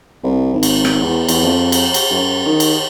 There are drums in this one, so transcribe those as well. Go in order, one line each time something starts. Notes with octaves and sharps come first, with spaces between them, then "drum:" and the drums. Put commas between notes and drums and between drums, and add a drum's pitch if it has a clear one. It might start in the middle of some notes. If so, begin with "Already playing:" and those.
C2
G#1
drum: cymbal
drum: rim click
E2
E2, drum: cymbal
F2
drum: cymbal
drum: cymbal
F#2
D#3
drum: cymbal